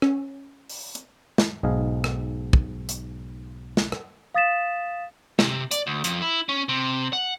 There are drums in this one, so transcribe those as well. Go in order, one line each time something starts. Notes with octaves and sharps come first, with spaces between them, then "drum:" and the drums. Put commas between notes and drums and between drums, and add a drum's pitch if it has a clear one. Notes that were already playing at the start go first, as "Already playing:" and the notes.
C#4, drum: rim click
drum: open hi-hat
drum: hi-hat
drum: snare
B1 G#2 D#5 F5 G#5
drum: rim click
drum: kick
drum: hi-hat
drum: snare
drum: rim click
F5 D#6 A6 B6 E7
C3, drum: snare
D5, drum: hi-hat
D2
F2, drum: hi-hat
E4
C#4
C3
F#5